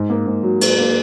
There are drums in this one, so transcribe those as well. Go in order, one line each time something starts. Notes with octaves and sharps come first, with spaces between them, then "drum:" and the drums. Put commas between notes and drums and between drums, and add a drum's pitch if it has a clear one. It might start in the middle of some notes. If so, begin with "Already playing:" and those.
Already playing: G#2
A#3
G#2
F#3
F#3, drum: cymbal
A#3